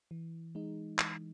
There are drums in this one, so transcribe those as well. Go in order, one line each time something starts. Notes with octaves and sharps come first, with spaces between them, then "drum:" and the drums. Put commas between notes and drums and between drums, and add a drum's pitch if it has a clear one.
E3
G#3 D#4
E3, drum: clap